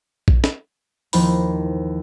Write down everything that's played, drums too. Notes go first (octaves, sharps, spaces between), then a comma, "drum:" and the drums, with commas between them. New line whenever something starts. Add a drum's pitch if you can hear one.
drum: kick A#1
drum: snare
D#2 F3 A#3 E4 C5 B5, drum: open hi-hat